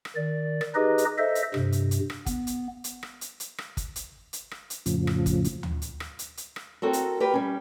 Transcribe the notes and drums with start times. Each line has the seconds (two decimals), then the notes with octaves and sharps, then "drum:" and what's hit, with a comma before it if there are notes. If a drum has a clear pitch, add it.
0.05 drum: rim click
0.16 D#3 D5
0.61 drum: rim click
0.75 D#4 G4 G#4 B4 D#5
0.98 drum: hi-hat
1.18 A4 C5 D#5 E5
1.35 drum: hi-hat
1.54 G2 C3, drum: rim click
1.72 drum: hi-hat
1.91 drum: hi-hat
2.10 drum: rim click
2.26 B3, drum: kick, hi-hat
2.47 drum: hi-hat
2.84 drum: hi-hat
3.03 drum: rim click
3.21 drum: hi-hat
3.40 drum: hi-hat
3.58 drum: rim click
3.77 drum: kick, hi-hat
3.96 drum: hi-hat
4.33 drum: hi-hat
4.51 drum: rim click
4.70 drum: hi-hat
4.86 F2 A2 C#3 F3, drum: hi-hat
5.07 drum: rim click
5.26 drum: kick, hi-hat
5.44 drum: hi-hat
5.63 drum: tom D2
5.82 drum: hi-hat
6.00 drum: rim click
6.19 drum: hi-hat
6.37 drum: hi-hat
6.56 drum: rim click
6.82 C4 F#4 A4 A#4
6.93 drum: hi-hat
7.20 G4 A#4 B4
7.34 G3 C#4